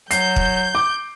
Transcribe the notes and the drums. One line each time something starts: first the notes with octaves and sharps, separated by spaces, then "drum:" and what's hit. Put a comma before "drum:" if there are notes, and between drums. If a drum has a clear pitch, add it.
F#3 G6 C7, drum: hi-hat
drum: kick
D6